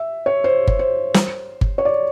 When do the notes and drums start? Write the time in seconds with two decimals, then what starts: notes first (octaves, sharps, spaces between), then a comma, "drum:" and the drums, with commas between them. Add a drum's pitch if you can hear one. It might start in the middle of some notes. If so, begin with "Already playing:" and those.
Already playing: E5
0.26 C#5
0.44 C5
0.67 drum: kick G1
0.79 C5
1.14 drum: snare
1.61 drum: kick G1
1.78 C#5
1.85 D5